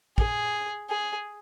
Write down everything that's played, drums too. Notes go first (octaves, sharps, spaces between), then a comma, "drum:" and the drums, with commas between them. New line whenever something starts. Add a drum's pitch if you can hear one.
G#4, drum: kick
G#4